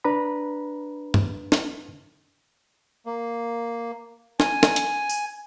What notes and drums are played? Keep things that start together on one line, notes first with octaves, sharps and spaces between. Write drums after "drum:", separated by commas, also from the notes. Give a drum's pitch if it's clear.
D4 B4 A#5 B5
drum: tom G2
drum: snare
A#3
G#5, drum: snare
drum: snare
drum: hi-hat
drum: tambourine